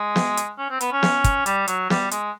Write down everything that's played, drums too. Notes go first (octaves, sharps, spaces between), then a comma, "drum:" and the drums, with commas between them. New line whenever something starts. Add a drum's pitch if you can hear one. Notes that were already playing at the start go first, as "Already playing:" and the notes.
Already playing: G#3
drum: snare
drum: hi-hat
C#4
C4
B3, drum: hi-hat
C#4
drum: snare
drum: kick, hi-hat
G3, drum: hi-hat
F#3, drum: hi-hat
G3, drum: snare
G#3, drum: hi-hat